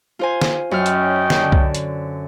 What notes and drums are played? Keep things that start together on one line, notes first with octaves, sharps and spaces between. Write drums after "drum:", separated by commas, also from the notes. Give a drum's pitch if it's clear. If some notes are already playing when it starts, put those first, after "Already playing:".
F4 C5 G#5
drum: snare
F#2 C#4 D#5 G5 F6
drum: hi-hat
drum: snare
D3
drum: kick C2
drum: hi-hat